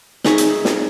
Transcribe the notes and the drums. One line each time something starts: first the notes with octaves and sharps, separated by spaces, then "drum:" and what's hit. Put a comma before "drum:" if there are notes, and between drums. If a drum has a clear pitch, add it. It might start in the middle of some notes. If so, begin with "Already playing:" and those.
D#4 G#4 E5 C#6, drum: snare
drum: hi-hat
drum: snare